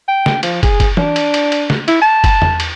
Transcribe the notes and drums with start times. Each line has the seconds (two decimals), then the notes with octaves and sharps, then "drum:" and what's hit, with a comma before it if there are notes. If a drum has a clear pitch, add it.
0.08 G5
0.26 drum: snare
0.43 F3, drum: cymbal
0.63 G#4, drum: kick, cymbal
0.80 drum: kick, cymbal
0.97 D4, drum: tom E3
1.16 drum: cymbal
1.34 drum: cymbal
1.52 drum: cymbal
1.70 drum: snare
1.88 E4, drum: cymbal
2.02 A5
2.24 drum: kick, cymbal
2.42 drum: tom E2
2.60 drum: cymbal